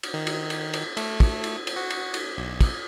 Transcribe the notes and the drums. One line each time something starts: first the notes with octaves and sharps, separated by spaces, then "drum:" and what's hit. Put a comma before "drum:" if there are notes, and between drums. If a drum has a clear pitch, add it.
drum: cymbal
D#3
drum: cymbal
drum: cymbal
drum: cymbal
A3, drum: cymbal
drum: kick, cymbal
drum: cymbal
drum: cymbal
F#4
drum: cymbal
drum: cymbal
B1
drum: kick, cymbal